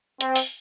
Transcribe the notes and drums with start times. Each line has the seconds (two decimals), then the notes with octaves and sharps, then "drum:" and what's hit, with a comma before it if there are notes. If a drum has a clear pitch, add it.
0.21 C4, drum: hi-hat
0.36 drum: open hi-hat